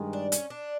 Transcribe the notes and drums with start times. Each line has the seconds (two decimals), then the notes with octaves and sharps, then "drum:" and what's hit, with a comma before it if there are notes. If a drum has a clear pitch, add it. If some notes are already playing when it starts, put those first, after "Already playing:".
Already playing: G2 D#3 G#3
0.13 D4
0.32 C#4, drum: hi-hat
0.50 D4